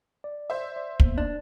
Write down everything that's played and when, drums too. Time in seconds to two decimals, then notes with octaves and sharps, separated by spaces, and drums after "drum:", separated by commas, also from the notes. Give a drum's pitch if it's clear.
0.24 D5
0.50 C5 E5
0.76 D5
1.00 A#3 B3, drum: kick
1.18 D4